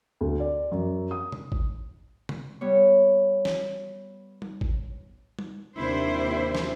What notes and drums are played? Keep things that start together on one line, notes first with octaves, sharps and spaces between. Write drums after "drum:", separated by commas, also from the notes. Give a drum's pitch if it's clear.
D2
D5
F#2
D#6
drum: tom C3
drum: kick G#1
drum: tom C3
G3 B3 C#5
drum: snare
drum: tom
drum: kick G#1
drum: tom
D#2 C3 D4 E4 C5
drum: snare